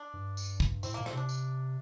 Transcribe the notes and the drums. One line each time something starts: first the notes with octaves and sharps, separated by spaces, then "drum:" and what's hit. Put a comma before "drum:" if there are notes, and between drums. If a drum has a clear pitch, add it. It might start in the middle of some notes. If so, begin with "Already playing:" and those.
Already playing: D4
G2
drum: tambourine
drum: kick
A2 C4, drum: tambourine
A#3
A#2
C4, drum: rim click
C3 D4
drum: tambourine